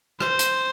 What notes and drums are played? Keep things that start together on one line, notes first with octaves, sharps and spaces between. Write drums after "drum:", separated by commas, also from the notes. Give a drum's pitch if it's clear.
C5, drum: rim click
drum: hi-hat